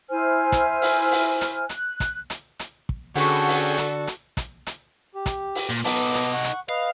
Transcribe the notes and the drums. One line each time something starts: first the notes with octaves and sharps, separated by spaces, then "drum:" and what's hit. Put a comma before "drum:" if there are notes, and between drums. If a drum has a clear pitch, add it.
E4 C5 G#5 F6
drum: kick, hi-hat
drum: open hi-hat
drum: open hi-hat
drum: hi-hat
F#6, drum: hi-hat
drum: kick, hi-hat
drum: hi-hat
drum: hi-hat
drum: kick
D3 C#4 F#4 G#4 A4 F#5 G5 C#6, drum: open hi-hat
drum: open hi-hat
drum: hi-hat
drum: hi-hat
drum: kick, hi-hat
drum: hi-hat
G4
drum: kick, hi-hat
drum: open hi-hat
A#2
B3 D#4 A4 D6, drum: open hi-hat
drum: hi-hat
F#5 C#6
drum: hi-hat
B4 D#5 F5